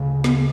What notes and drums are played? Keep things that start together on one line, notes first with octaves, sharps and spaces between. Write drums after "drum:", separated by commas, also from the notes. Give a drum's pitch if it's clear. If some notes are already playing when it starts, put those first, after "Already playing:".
Already playing: D2 C#3
B3, drum: snare